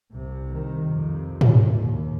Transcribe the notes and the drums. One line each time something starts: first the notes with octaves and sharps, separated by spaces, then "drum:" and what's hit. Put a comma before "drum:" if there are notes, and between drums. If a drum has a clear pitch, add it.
C2 C3
D#3
F2 C3
drum: tom G#2
D#2